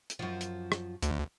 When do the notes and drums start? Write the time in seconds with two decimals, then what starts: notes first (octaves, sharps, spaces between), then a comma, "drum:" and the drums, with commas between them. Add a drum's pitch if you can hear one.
0.10 drum: hi-hat
0.19 F#2 F3
0.41 drum: hi-hat
0.72 drum: rim click
1.03 D2, drum: hi-hat